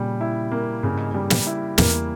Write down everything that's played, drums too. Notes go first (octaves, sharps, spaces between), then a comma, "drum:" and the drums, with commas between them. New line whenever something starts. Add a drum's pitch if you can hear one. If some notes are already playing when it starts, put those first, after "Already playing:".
Already playing: A#2 C#3 G3
E4
A#3
G2 C#3
G#2
G2 G3
drum: snare
E4
E2 A#3, drum: snare